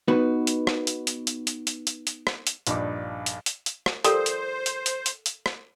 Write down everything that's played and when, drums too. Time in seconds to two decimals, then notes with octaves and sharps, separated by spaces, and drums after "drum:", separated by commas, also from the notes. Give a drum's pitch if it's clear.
0.08 B3 D#4 F#4 B4
0.47 drum: hi-hat
0.67 drum: rim click
0.87 drum: hi-hat
1.07 drum: hi-hat
1.27 drum: hi-hat
1.47 drum: hi-hat
1.67 drum: hi-hat
1.87 drum: hi-hat
2.07 drum: hi-hat
2.27 drum: rim click
2.47 drum: hi-hat
2.67 A#1 G2 D4 D#4 D6, drum: hi-hat
3.26 drum: hi-hat
3.46 drum: hi-hat
3.66 drum: hi-hat
3.86 drum: rim click
4.04 F3 G3 A4 A#4 C5, drum: hi-hat
4.26 drum: hi-hat
4.66 drum: hi-hat
4.86 drum: hi-hat
5.06 drum: hi-hat
5.26 drum: hi-hat
5.46 drum: rim click